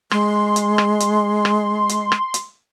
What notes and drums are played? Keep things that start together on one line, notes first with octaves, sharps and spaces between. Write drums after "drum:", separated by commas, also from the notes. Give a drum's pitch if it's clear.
G#3 C6, drum: rim click
drum: hi-hat
drum: rim click
drum: hi-hat
drum: rim click
drum: hi-hat
drum: rim click
drum: hi-hat